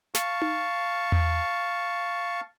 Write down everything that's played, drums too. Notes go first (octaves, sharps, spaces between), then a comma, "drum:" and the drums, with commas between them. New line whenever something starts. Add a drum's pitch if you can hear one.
F5 A5 C#6, drum: snare
drum: tom D#4
drum: tom E2